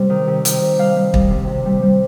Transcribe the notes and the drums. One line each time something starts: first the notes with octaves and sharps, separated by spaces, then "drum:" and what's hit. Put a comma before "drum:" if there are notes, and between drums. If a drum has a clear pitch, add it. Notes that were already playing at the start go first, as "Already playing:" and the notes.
Already playing: C3 G3
D#3
C3
D#3, drum: hi-hat
C3
G3 F5
G3
G3, drum: kick
C3
C3
G3
G3